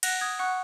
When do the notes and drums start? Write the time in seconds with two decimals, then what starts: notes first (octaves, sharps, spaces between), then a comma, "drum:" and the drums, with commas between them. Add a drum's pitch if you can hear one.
0.03 F#5 F#6 A#6, drum: cymbal
0.21 D#6 G#6
0.39 F#5 C#6 F#6